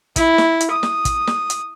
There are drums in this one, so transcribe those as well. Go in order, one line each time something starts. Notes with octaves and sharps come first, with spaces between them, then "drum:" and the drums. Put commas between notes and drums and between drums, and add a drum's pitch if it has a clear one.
E4, drum: kick, hi-hat
drum: snare
drum: hi-hat
D#6
drum: snare
drum: kick, hi-hat
drum: snare
drum: hi-hat